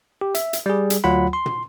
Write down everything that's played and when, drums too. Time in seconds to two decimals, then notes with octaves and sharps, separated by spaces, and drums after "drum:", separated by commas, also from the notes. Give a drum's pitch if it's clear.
0.21 G4
0.35 E5, drum: hi-hat
0.53 drum: hi-hat
0.66 G3 G#4
0.90 drum: hi-hat
1.04 D2 F#3 F4 F#5 B5
1.33 C6
1.46 drum: tom